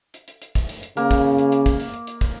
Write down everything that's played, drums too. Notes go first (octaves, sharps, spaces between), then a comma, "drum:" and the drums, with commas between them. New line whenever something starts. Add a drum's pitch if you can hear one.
drum: hi-hat
drum: hi-hat
drum: hi-hat
drum: kick, hi-hat
drum: hi-hat
drum: hi-hat
C#3 A#3, drum: hi-hat
drum: kick, hi-hat
drum: hi-hat
drum: hi-hat
drum: kick, hi-hat
drum: hi-hat
drum: hi-hat
drum: hi-hat
drum: kick, hi-hat